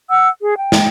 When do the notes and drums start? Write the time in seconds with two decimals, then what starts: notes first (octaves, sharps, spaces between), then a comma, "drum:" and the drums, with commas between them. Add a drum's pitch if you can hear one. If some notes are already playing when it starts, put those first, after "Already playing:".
0.09 F#5 E6
0.40 G#4
0.57 G5
0.72 drum: snare